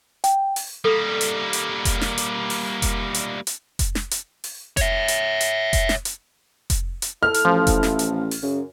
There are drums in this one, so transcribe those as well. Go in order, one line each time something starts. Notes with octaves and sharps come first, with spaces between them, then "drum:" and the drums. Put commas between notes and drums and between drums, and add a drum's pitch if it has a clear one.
G5, drum: hi-hat
drum: open hi-hat
G3 A#3 A4
drum: hi-hat
drum: hi-hat
drum: kick F1, hi-hat
drum: snare
drum: hi-hat
drum: open hi-hat
drum: kick F1, hi-hat
drum: hi-hat
drum: hi-hat
drum: kick F1, hi-hat
drum: snare
drum: hi-hat
drum: open hi-hat
C#5 E5, drum: kick F1, hi-hat
drum: hi-hat
drum: hi-hat
drum: kick F1, hi-hat
drum: snare
drum: hi-hat
drum: kick F1, hi-hat
drum: hi-hat
E4 A4 F6
drum: hi-hat
A1 F3
drum: kick F1, hi-hat
drum: snare
drum: hi-hat
drum: open hi-hat
F#2 C#3